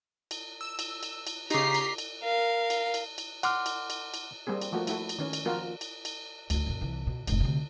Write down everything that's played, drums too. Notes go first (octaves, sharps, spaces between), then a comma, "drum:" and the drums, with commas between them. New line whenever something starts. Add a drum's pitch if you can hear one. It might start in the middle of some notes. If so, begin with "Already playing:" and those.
drum: cymbal
E6
drum: cymbal
drum: cymbal
drum: cymbal
C#3 D#4 G4 A#5 D6 B6 C7, drum: cymbal
drum: cymbal
drum: cymbal
A#4 F5
drum: cymbal
drum: cymbal
drum: cymbal
F#5 C6 D6 F6, drum: cymbal
drum: cymbal
drum: cymbal
drum: cymbal
G3 A#3 C4 G#4
drum: cymbal
F3 A3 A#3 F#4
A3 E4 F#4 A4, drum: cymbal
drum: cymbal
D#3 C#4
drum: cymbal
F3 A#3 F4 F#4 A#4
drum: cymbal
drum: cymbal
D2 E4, drum: cymbal
F#2 A#2
C2 E3
B2
F1 G#2, drum: cymbal
D2 C3